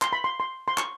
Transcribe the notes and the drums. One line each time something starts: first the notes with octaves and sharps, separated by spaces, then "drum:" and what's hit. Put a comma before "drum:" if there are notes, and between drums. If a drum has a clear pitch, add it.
C6, drum: clap
B5
C6
C6
C6
C#6, drum: clap